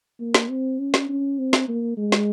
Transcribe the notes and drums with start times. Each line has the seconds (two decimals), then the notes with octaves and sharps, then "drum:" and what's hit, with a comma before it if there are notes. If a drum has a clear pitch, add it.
0.20 A#3
0.34 drum: snare
0.49 C4
0.79 C#4
0.94 drum: snare
1.09 C#4
1.38 C4
1.53 drum: snare
1.68 A#3
1.97 G#3
2.12 drum: snare